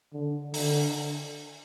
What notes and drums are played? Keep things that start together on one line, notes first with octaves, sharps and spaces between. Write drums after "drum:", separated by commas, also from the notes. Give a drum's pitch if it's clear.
D3
D3, drum: open hi-hat